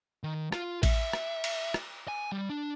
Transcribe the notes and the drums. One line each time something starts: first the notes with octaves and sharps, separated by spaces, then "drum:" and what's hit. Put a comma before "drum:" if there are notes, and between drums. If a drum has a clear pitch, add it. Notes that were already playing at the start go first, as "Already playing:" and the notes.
D#3
F4, drum: rim click
E5, drum: kick A1, cymbal
drum: rim click
drum: cymbal
drum: rim click
G#5
G3
D4